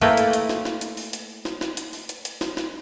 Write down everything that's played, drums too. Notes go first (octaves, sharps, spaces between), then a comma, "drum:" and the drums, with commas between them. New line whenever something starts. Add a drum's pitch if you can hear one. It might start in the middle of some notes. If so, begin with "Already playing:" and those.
A3 A#3 E4 B4 G5, drum: open hi-hat
drum: hi-hat
drum: hi-hat
drum: snare
drum: snare
drum: hi-hat
drum: open hi-hat
drum: hi-hat
drum: snare
drum: snare
drum: hi-hat
drum: open hi-hat
drum: hi-hat
drum: hi-hat
drum: snare
drum: snare